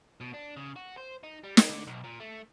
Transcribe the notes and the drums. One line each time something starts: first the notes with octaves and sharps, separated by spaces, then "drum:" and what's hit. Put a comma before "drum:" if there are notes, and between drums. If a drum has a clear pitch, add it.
B2
D4
C#3
F#4
C5
D#4
G3
A#3, drum: snare
D3
B1
A#2
A3